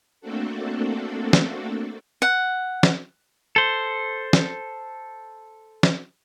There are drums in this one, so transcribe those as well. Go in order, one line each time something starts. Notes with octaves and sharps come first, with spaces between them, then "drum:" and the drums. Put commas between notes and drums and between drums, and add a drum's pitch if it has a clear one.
A3 A#3 C4 D4 F#4 A4
drum: snare
F#5
drum: snare
A4 C5
drum: snare
drum: snare